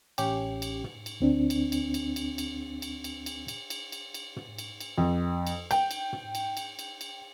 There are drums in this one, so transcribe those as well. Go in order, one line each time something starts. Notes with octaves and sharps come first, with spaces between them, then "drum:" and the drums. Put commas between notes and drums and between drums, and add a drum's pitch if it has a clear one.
A1 C#4 G4, drum: cymbal
drum: cymbal
drum: tom
drum: cymbal
D2 C4 D4
drum: cymbal
drum: cymbal
drum: cymbal
drum: cymbal
drum: cymbal
drum: cymbal
drum: cymbal
drum: cymbal
drum: cymbal
drum: cymbal
drum: cymbal
drum: cymbal
drum: tom
drum: cymbal
drum: cymbal
F2
drum: cymbal
G5, drum: cymbal
drum: cymbal
drum: tom
drum: cymbal
drum: cymbal
drum: cymbal
drum: cymbal